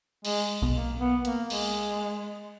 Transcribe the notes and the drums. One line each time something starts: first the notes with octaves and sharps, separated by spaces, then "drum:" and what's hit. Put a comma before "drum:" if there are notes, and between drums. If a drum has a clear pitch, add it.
G#3, drum: cymbal
B1 B2
A#3
B3
A#3, drum: hi-hat
G#3, drum: cymbal